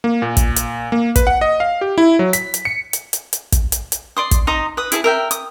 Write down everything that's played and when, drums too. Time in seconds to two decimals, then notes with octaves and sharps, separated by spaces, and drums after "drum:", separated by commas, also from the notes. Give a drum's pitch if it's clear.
0.04 A#3
0.22 A#2
0.37 drum: kick, hi-hat
0.56 drum: hi-hat
0.92 A#3
1.16 B4, drum: kick, hi-hat
1.27 F#5
1.41 D#5
1.60 F5
1.81 G4
1.98 E4
2.19 F#3
2.33 B6, drum: hi-hat
2.54 drum: hi-hat
2.65 C#7
2.93 drum: hi-hat
3.13 drum: hi-hat
3.33 drum: hi-hat
3.52 drum: kick, hi-hat
3.72 drum: hi-hat
3.92 drum: hi-hat
4.17 D5 C6 D#6
4.31 drum: kick, hi-hat
4.47 D#4 A#5 C6 D#6
4.77 B4 D#6
4.92 E4 G#4 E5 A5, drum: hi-hat
5.04 A#4 E5 G5
5.31 D#6, drum: hi-hat